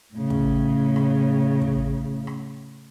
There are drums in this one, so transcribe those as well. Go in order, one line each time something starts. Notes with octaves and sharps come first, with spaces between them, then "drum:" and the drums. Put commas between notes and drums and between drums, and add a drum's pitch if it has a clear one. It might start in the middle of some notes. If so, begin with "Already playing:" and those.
A2 C#3
drum: kick
drum: rim click
drum: kick
drum: rim click